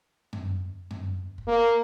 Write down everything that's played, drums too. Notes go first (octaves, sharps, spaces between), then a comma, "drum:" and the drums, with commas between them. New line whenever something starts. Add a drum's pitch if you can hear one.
drum: tom F#2
drum: tom F#2
drum: kick
A#3